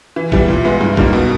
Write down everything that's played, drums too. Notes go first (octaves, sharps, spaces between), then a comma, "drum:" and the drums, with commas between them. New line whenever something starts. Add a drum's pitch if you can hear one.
E3
G3 B3 E4, drum: kick
A#2
G#3 B3 E4
G2
G3 A#3 D#4, drum: kick
B2